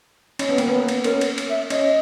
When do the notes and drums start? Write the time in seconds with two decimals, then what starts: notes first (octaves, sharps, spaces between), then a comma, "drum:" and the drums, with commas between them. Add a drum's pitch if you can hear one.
0.39 C#4, drum: cymbal
0.49 B3
0.58 A#3, drum: cymbal
0.68 B3
0.88 drum: cymbal
1.04 C#4 A#4, drum: cymbal
1.21 drum: cymbal
1.38 drum: cymbal
1.49 E5
1.70 C#4 D#5, drum: cymbal